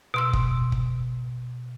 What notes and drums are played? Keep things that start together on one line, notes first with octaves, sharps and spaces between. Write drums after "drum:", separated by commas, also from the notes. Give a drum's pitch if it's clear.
B2 C6 E6
drum: kick
drum: kick